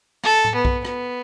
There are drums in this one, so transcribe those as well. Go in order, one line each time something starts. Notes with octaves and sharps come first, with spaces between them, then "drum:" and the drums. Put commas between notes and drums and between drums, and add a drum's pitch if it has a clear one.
A4, drum: rim click
drum: tom A2
B3
drum: kick B1
B3, drum: rim click